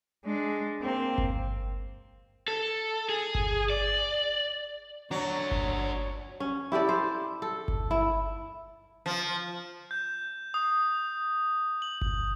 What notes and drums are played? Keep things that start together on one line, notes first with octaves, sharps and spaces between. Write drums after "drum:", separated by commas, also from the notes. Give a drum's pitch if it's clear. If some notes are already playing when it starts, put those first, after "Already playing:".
G#3 D4
A#3 C4
drum: kick G1
A4
G#4
drum: kick G1
D5
F#3 D4 F#4 C#5
drum: kick G1
C#4
E4 G4 A4 D5
C5
A4
drum: kick G1
E4
F3
G6
D#6
F#7
drum: kick G1